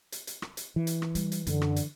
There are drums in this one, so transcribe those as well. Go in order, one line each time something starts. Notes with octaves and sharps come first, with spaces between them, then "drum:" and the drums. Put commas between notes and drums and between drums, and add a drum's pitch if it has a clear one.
drum: hi-hat
drum: hi-hat
drum: rim click
drum: hi-hat
E3
drum: hi-hat
drum: rim click
G3, drum: hi-hat
drum: hi-hat
F#2 D3 C#4, drum: hi-hat
drum: rim click
drum: hi-hat